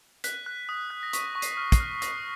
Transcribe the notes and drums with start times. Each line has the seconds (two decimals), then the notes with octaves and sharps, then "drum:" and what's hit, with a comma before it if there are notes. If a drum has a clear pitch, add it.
0.24 F#6 B6, drum: hi-hat
0.46 F#6
0.69 D#6
0.90 F#6
1.03 A#6
1.13 C#6 B6, drum: hi-hat
1.35 C#6
1.42 C7, drum: hi-hat
1.57 F6
1.72 C7, drum: kick, hi-hat
1.80 F6
2.02 D#6 A#6, drum: hi-hat